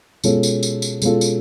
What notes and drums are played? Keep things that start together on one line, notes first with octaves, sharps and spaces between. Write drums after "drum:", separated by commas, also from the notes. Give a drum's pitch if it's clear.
B2 G#3 C#4 F4 A4, drum: tambourine
drum: tambourine
drum: tambourine
drum: tambourine
B2 G#3 C#4 F4 A4, drum: tambourine
drum: tambourine